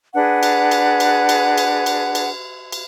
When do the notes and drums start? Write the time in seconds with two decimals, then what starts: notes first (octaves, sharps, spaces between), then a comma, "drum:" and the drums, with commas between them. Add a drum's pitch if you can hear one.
0.14 D4 G#4 B4 F#5
0.43 drum: cymbal
0.71 drum: cymbal
1.00 drum: cymbal
1.29 drum: cymbal
1.58 drum: cymbal
1.86 drum: cymbal
2.15 drum: cymbal
2.72 drum: cymbal